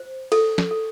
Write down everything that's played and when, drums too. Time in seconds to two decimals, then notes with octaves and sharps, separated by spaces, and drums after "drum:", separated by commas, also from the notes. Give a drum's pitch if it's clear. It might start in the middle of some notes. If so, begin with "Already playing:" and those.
Already playing: C5
0.32 A4, drum: cymbal
0.58 drum: snare
0.71 A4